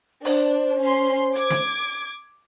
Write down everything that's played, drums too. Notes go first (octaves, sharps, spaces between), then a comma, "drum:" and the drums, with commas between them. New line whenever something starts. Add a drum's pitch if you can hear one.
D4 C5, drum: open hi-hat
C#4 C6
D6 G#6, drum: hi-hat
drum: snare